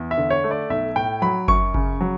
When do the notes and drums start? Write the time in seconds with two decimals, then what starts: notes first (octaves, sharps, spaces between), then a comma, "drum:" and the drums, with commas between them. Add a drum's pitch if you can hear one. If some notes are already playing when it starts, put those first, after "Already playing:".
Already playing: E2
0.11 E5
0.18 D3
0.30 C#5
0.44 A3
0.51 D5
0.70 B1 E5
0.96 A2 G5
1.22 F#3 B5
1.48 F#2 C#6, drum: kick G1
1.74 C#3, drum: kick G1
2.01 F#3